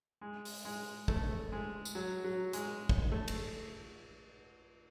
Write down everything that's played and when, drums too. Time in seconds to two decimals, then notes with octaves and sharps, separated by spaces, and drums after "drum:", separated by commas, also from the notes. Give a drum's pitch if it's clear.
0.21 G#3
0.45 drum: open hi-hat
0.65 G#3
1.08 A3, drum: kick
1.52 G#3
1.85 drum: tambourine
1.95 F#3
2.24 F#3
2.53 G#3, drum: hi-hat
2.89 drum: kick
3.12 A3
3.28 drum: cymbal